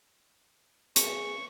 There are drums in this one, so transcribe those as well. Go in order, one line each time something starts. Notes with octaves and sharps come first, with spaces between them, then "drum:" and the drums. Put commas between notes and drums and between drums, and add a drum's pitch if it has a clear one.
G#4 C#6, drum: hi-hat